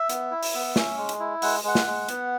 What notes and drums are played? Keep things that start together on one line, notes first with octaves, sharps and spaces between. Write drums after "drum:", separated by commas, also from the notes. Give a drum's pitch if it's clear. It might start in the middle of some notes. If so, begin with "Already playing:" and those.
Already playing: E5
B3, drum: hi-hat
E4
drum: open hi-hat
B3
C#4, drum: snare
G#3
drum: hi-hat
E4
G#3 F#5, drum: open hi-hat
G#3 F#5
drum: snare
G#3
B3, drum: hi-hat